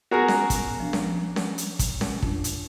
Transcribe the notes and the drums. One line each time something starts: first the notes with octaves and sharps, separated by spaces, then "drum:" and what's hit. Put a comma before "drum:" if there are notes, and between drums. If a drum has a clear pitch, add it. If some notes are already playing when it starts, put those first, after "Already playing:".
B3 F#4 G#4 A#4 A#6
drum: snare C#4
drum: kick, hi-hat
F3 D4
drum: snare C#4
drum: snare C#4
drum: hi-hat
drum: kick, hi-hat
drum: snare C#4
F2 D4, drum: kick
drum: hi-hat